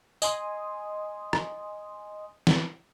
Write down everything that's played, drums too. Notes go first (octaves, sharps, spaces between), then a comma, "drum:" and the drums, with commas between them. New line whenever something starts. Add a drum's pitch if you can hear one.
D#5 G#5 C6 D#6, drum: tambourine
drum: rim click
drum: snare